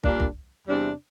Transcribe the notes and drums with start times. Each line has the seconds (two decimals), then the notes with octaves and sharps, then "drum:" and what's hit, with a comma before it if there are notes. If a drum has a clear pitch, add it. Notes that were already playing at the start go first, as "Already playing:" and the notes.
0.04 A#2 G3 A#3 D4, drum: kick
0.20 drum: kick
0.68 E2 C3 G3 D4